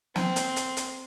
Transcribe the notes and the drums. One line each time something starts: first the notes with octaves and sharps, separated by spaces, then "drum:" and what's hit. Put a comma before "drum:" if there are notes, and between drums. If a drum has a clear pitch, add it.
C4, drum: snare
drum: hi-hat
drum: hi-hat
drum: hi-hat